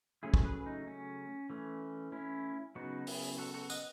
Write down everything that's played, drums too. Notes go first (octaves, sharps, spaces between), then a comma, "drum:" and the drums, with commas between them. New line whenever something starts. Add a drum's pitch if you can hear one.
C#3 F#3 A3 C#4 E4 G#4
drum: kick
G#4 B4
D#4
C#4
E3 A3 C#4
C#4 E4
C#3 F#3 B3 D#4 F#4
E4 G#4, drum: open hi-hat
F#4 A4
F#4 A4
D#5 F#5, drum: tambourine